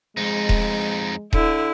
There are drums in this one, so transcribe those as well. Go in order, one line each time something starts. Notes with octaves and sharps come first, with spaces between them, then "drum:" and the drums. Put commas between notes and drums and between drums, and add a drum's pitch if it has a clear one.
F2 G#3 D#4
drum: kick D#1
D3 E4, drum: kick D#1